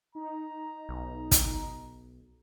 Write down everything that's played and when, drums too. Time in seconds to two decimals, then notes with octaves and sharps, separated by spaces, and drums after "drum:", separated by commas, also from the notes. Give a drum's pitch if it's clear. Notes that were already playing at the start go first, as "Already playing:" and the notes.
0.15 D#4 A#5
0.89 B1
1.31 drum: kick, hi-hat